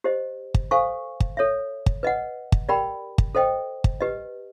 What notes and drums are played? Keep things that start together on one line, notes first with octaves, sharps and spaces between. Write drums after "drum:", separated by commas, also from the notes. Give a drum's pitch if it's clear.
G4 C5 D#5
drum: kick
A4 C5 F5 G#5 C#6
drum: kick
A4 C#5 E5
drum: kick
B4 D#5 F#5
drum: kick
G4 A#4 D5 G5 B5
drum: kick
A4 C5 D#5 G5
drum: kick
G4 B4 D#5